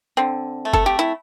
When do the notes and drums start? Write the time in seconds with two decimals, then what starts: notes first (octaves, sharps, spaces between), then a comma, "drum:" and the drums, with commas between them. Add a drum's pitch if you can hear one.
0.17 D3 C4
0.65 A3
0.73 A4, drum: kick
0.86 G4
0.99 E4